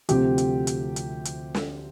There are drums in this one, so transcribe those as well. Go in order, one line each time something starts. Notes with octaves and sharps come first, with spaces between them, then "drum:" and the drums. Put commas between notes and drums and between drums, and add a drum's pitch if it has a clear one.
D2 C3 F3 C4 G4 G5, drum: hi-hat
drum: hi-hat
drum: hi-hat
drum: hi-hat
drum: hi-hat
drum: snare